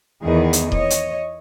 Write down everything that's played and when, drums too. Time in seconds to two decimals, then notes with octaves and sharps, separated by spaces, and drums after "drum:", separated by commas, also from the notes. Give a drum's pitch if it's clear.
0.23 E2 D#3 E3 B3 G#4
0.53 drum: hi-hat
0.72 C#5 D#5, drum: kick D#1
0.90 drum: hi-hat